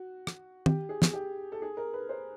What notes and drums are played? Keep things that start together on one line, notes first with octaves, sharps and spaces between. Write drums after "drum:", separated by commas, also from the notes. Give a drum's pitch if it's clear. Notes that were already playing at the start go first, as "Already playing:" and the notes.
Already playing: F#4
drum: rim click
G4, drum: tom
G#4
drum: snare
G4
A4
G#4
A#4
B4
C5